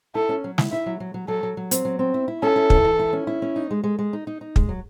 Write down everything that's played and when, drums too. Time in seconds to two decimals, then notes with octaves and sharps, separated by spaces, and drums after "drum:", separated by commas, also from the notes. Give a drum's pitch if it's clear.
0.15 E4 A4
0.29 C#4
0.44 F#3
0.58 E4, drum: snare
0.72 E4 E5
0.86 F#3
1.00 F#3
1.14 F#3
1.28 F#3 A4
1.43 F#3
1.57 F#3
1.71 C4, drum: hi-hat
1.85 F#3
1.99 C4
2.14 E4
2.28 E4
2.42 C#4 A4
2.56 E4
2.70 E3, drum: kick
2.85 E3
2.99 E4
3.13 C#4
3.27 E4
3.42 C#4
3.56 D#4
3.71 G#3
3.84 G#3
3.99 G#3
4.13 D#4
4.27 D#4
4.41 D#4
4.56 G#3, drum: kick
4.69 F#3